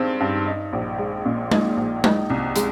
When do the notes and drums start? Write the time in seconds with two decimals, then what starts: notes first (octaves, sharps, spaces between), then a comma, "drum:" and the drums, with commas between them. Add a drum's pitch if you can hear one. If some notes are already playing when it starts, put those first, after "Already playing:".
Already playing: G2 D#3 G#3 C4
0.20 G2
0.46 D#4
0.73 A#1
0.98 G#3
1.26 A#2
1.51 D#4, drum: tom G#3
1.77 A#1
2.04 D#4, drum: tom G#3
2.30 C2
2.56 G#3, drum: hi-hat